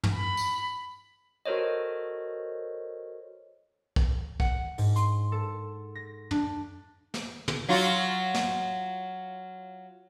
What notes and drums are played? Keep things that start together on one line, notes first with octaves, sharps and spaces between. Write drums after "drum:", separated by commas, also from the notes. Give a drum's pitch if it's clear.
drum: tom
B5
drum: tambourine
F#4 A4 A#4 C5 C#5 D#5
drum: kick
F#5, drum: kick
G#2, drum: open hi-hat
C6, drum: hi-hat
A4
A#6
D4, drum: tom
drum: snare
drum: tom
F#3 F4 F#4
drum: snare